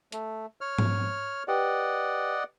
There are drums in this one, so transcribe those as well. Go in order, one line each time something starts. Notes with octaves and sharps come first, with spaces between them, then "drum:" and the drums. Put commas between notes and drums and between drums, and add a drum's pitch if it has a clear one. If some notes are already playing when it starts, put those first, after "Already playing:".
A3, drum: hi-hat
C#5 F6
drum: tom G#2
G4 B4 D5 D#5 F#5 G5